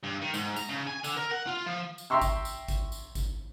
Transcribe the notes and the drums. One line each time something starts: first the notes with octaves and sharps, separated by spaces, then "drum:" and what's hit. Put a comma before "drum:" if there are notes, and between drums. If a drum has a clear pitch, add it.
G2
D#3
G#2, drum: tambourine
A#5, drum: tambourine
C#3
G#5
D3, drum: tambourine
A#4
F#5
F4
F3
drum: tambourine
E5 G5 A#5 C6 C#6 E6
drum: kick G#1, tambourine
drum: tambourine
drum: kick G#1, tambourine
drum: tambourine
drum: kick G#1, tambourine